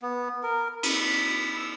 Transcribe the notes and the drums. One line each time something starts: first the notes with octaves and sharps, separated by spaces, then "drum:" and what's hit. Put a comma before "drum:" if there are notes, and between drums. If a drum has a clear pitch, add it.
B3
A#4
B5, drum: cymbal
E6